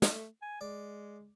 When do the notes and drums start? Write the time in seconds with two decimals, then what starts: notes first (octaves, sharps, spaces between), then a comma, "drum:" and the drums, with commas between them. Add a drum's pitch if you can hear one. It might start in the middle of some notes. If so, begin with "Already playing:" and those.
0.02 A3, drum: snare
0.42 G#5
0.61 G#3 D5